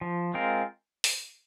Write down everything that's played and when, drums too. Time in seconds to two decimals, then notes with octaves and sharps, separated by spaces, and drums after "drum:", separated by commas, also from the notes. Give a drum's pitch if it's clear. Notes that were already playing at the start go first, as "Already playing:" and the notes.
0.01 F3
0.34 G#3 C4 F4 A#4
1.04 drum: open hi-hat